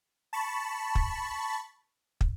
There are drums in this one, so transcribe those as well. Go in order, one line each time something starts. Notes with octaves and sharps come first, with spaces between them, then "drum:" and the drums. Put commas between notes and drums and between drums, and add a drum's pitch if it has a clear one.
A5 B5 C#6
drum: kick
drum: kick